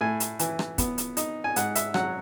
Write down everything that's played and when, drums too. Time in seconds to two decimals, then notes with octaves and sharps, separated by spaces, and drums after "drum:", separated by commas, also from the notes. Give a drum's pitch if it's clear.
0.01 A2 G#5
0.20 drum: hi-hat
0.39 E3, drum: hi-hat
0.59 drum: rim click
0.78 B3, drum: kick, hi-hat
0.98 drum: hi-hat
1.17 D#4, drum: hi-hat
1.44 G#5
1.56 G#2 F#5, drum: hi-hat
1.75 E5, drum: hi-hat
1.94 F#3 F#5, drum: rim click